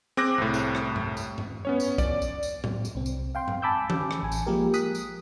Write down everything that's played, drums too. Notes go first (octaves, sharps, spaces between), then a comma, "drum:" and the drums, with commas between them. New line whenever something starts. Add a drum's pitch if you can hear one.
C4 G#4 D6 F#6 A#6
C2 A2
drum: tambourine
drum: rim click
drum: tom G#2
drum: tambourine
drum: tom G#2
B3 C#4 C#5
drum: tambourine
D5, drum: kick, tambourine
drum: tambourine
drum: tambourine
drum: tom A2
drum: tambourine
C2 C4
drum: tambourine
F5 G5 C6
drum: tom G#2
G#5 A5 B5 D6 E6 G6
drum: tom E3
drum: rim click
A1 G#5
drum: tambourine
F3 G#3 A#3 G4 A#4
D#6 F#6 B6, drum: tambourine
drum: tambourine